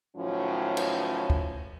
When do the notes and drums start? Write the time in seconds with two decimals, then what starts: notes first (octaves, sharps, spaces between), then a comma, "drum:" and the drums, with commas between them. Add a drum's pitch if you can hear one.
0.17 A2 D#3 F3 F#3 C#4
0.77 drum: cymbal
1.30 drum: kick